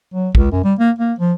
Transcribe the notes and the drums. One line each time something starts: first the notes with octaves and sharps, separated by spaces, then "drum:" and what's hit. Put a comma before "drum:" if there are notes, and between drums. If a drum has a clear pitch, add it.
F#3
C#2, drum: kick A1
F#2
G3
A#3
A#3
F3